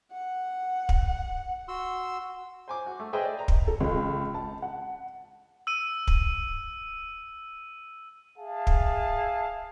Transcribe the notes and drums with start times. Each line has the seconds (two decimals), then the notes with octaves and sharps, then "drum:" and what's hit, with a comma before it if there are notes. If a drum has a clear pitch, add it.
0.12 F#5
0.89 drum: kick
1.68 F#4 C6 E6
2.68 C5 G#5 D6
2.86 F#4
3.00 A3
3.13 G#4 B4 C5 D#5 E5 G5
3.25 D5
3.39 A#5
3.48 drum: kick
3.67 A4
3.80 C#2
4.34 A5
4.62 F#5
5.67 E6 D#7
6.07 drum: kick
8.37 G#4 E5 F5 A5
8.67 drum: kick